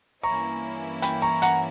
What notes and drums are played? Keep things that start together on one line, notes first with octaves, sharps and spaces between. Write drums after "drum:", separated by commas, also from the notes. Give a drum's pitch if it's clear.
G2 E3 A#3 C#4 E4 A#5 C#6
G5 B5, drum: hi-hat
A#5 C#6
F#5 A#5, drum: hi-hat